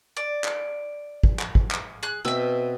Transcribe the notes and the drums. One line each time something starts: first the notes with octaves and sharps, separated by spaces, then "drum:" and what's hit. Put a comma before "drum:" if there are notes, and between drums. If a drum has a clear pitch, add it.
D5
drum: clap
drum: kick
drum: clap
drum: kick
drum: clap
G#4 F#6
B2 C4 E5 E6